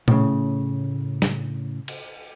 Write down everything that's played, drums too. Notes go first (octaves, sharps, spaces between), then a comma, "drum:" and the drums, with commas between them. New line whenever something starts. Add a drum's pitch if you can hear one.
A2 C#3, drum: tom A#2
drum: snare
drum: cymbal